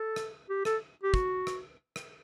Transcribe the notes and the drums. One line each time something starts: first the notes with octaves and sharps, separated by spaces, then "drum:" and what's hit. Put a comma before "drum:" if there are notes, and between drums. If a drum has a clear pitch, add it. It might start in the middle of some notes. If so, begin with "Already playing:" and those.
Already playing: A4
drum: rim click
G4
A4, drum: rim click
G4
F#4, drum: kick
drum: rim click
drum: rim click